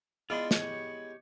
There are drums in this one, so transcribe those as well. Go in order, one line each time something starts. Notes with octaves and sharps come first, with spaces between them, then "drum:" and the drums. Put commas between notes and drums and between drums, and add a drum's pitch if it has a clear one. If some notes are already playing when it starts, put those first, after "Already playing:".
G#3 B3 E4 F4 D5 C6
G4 C#5, drum: snare